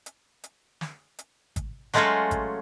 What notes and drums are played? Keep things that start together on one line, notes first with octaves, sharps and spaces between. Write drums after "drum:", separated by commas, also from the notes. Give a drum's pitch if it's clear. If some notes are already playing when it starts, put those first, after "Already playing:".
drum: hi-hat
drum: hi-hat
drum: snare
drum: hi-hat
drum: kick, hi-hat
F#3 G#3 A3 C#4 F4 F#4, drum: snare
drum: kick, hi-hat